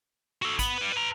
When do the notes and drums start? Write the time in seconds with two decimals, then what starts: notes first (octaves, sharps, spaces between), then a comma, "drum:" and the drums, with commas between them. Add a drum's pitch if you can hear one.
0.42 F#4 A4
0.59 B3 B5, drum: kick A1, hi-hat
0.78 G3 B4
0.92 B4 A#5